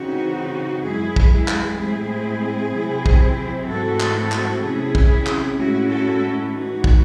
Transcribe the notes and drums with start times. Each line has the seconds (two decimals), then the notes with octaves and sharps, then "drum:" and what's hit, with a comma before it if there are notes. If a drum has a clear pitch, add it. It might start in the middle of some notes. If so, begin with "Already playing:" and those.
Already playing: C#3 E3 C4 D#4 F#4
0.85 F#2 E3 G#3 E4 G#4
1.16 drum: kick
1.32 E4 G#4
1.48 drum: clap
1.79 A2 G#3 C4 E4
2.74 C3 F#3 C4 E4
3.06 drum: kick
3.68 G#2 E3 A3 C4 E4 F#4 A4
4.00 drum: clap
4.32 drum: clap
4.63 C3 F#3 C#4 E4 G#4
4.95 drum: kick
5.26 drum: clap
5.58 A2 G#3 C#4 E4 F#4
5.89 F#4 A4
6.52 A2 E3 G#3 D#4 F#4
6.84 drum: kick